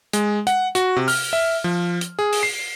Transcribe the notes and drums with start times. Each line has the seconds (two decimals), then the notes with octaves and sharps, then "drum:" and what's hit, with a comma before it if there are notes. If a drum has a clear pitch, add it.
0.13 G#3, drum: hi-hat
0.47 F#5, drum: hi-hat
0.75 F#4, drum: hi-hat
0.96 C3
1.08 F6, drum: open hi-hat
1.33 E5
1.64 F3
2.01 drum: hi-hat
2.19 G#4
2.33 drum: open hi-hat
2.43 C7